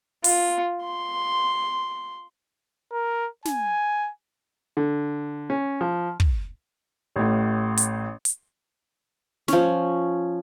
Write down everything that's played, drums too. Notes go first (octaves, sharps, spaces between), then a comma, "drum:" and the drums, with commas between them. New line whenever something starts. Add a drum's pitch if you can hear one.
F4, drum: open hi-hat
C6
A#4
G#5, drum: snare
D3
C#4
F3
drum: kick
A1 A2
drum: hi-hat
drum: hi-hat
F3 C#4, drum: snare